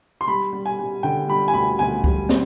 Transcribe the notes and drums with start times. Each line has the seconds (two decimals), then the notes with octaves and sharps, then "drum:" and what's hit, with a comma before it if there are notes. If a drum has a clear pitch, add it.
0.21 C6
0.28 G3 B5
0.53 G3
0.66 G#5
0.79 G3
1.03 D3 G5
1.28 G3 B5
1.48 G#5
1.54 D2 B5
1.79 D2 G#5
2.04 G3, drum: kick C#2
2.29 C4, drum: snare